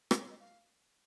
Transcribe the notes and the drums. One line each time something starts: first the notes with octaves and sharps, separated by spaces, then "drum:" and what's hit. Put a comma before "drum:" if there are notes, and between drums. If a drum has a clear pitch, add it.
A#4, drum: rim click
C#5
D#5
F5